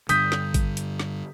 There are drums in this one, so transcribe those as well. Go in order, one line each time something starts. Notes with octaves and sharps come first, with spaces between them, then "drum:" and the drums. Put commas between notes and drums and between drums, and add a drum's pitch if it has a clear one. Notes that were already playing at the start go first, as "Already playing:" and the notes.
G2 D3 D#6 G6 B6, drum: hi-hat
drum: snare
drum: kick G#1, hi-hat
drum: hi-hat
drum: snare